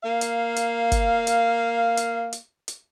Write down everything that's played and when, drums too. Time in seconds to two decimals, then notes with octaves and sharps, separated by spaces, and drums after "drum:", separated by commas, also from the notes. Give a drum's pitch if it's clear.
0.04 A#3 F5
0.21 drum: hi-hat
0.56 drum: hi-hat
0.92 drum: kick, hi-hat
1.27 drum: hi-hat
1.97 drum: hi-hat
2.33 drum: hi-hat
2.68 drum: hi-hat